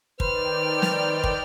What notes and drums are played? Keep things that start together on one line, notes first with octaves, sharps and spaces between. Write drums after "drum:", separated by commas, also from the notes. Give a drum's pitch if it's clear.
D#3 B4 C5 D5 G5 F6, drum: kick
drum: snare
drum: kick